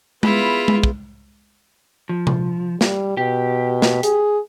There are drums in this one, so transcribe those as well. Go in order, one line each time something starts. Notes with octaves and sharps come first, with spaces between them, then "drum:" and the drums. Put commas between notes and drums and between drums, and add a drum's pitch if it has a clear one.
B3 E4 F4 G#4 B5, drum: tom G#3
drum: tom G#3
drum: kick
F3
drum: tom C3
G3, drum: snare
B2 G4
drum: snare
G#4, drum: hi-hat